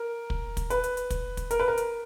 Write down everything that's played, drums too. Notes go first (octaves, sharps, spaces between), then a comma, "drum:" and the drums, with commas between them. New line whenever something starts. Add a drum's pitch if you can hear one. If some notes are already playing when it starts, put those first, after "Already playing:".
Already playing: A#4
drum: kick
drum: kick, hi-hat
B4, drum: hi-hat
drum: hi-hat
drum: hi-hat
drum: kick, hi-hat
drum: kick, hi-hat
A#4, drum: hi-hat
B4
A#4
drum: hi-hat